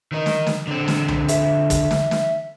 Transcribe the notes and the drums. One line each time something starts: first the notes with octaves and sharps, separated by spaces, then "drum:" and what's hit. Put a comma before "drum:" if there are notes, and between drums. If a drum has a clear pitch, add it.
D#3 D#4
drum: snare
drum: snare
D3 C4
drum: snare
drum: tom C2
E5, drum: hi-hat
drum: kick, hi-hat
drum: snare
drum: snare